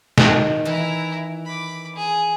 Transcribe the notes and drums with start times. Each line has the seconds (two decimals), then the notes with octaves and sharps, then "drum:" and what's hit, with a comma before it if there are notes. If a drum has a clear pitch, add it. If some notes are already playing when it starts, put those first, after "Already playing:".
0.18 D#3, drum: snare
0.65 E3 E4 A#5
1.45 B5 D6
1.96 G#4